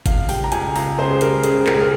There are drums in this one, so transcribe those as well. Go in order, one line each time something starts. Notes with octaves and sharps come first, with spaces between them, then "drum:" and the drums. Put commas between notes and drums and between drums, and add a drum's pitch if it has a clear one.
C#2 F5, drum: kick G1, hi-hat
G3 G5, drum: open hi-hat
A#5
C#2 G#5, drum: hi-hat
C#2 A#5, drum: open hi-hat
C#3 C5
G#4
G3 A#4, drum: hi-hat
C#3 G#4, drum: hi-hat
C#2 A#4, drum: clap
G#4
A#4